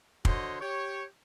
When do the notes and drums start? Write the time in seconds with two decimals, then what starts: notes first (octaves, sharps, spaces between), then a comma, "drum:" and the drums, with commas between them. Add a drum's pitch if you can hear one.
0.25 D3 F#4 C5 C#5 D#5, drum: kick
0.61 G4 C#5